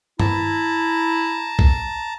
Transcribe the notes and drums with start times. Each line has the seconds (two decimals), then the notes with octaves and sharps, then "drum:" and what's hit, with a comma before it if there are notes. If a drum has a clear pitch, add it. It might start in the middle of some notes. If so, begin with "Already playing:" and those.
0.20 E4 A5 A#5, drum: tom G2
1.59 drum: kick